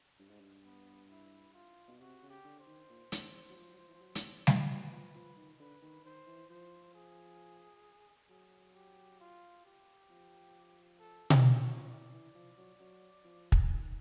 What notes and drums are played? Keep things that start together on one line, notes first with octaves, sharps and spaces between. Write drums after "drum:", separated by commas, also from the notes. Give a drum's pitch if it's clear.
G2
G#2
G2
B3
E4
F4
B2
C3 F#4
C#3
G4
D3
C5
D#3
A#2
D3, drum: hi-hat
F#3
F3
F#3
F3
E3
F3
F#3
drum: hi-hat
F3, drum: snare
F#3 B4
F3
F3
D#3
D3 B4
D#3
D#3 C5
E3
F3 C5
G#4
F#3 G#4
G4
F4
G4
F3
A4
A4, drum: tom B2
F#3 C#5
F3
E3 D5
E3
F3
F#3
F#3
F3
drum: kick
D#3